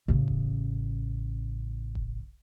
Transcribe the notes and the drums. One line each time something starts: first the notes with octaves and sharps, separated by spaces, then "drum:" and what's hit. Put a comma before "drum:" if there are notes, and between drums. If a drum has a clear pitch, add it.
A1 C#3
drum: kick E1
drum: kick E1